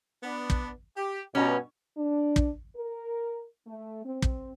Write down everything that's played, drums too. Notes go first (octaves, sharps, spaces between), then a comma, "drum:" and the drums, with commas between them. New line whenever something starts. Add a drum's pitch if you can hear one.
B3 D4
drum: kick
G4
G2 B2 C#4 G4 A#5
D4
drum: kick
A#4
A3
C4
drum: kick